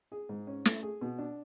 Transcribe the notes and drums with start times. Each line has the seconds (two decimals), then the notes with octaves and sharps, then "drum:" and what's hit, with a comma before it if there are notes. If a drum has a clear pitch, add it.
0.12 G#4
0.29 G#2
0.47 C#4
0.65 A3, drum: snare
0.83 G#4
1.01 B2
1.19 D4